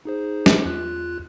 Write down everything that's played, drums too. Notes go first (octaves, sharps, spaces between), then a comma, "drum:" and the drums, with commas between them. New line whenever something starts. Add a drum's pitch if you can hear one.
D#4 G#4 C5
drum: snare
E2 F4 F#6